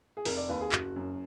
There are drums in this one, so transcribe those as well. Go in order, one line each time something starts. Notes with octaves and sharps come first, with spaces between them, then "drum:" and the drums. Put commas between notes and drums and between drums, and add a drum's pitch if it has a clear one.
G#4
F1 A#4, drum: open hi-hat
D5
D#2 B4
G#4
F#1 F#4, drum: clap
F#2